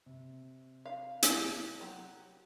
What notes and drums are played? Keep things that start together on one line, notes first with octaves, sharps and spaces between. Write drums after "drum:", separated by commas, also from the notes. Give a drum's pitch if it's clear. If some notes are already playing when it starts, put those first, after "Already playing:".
C3
F5
drum: hi-hat
F#3 G4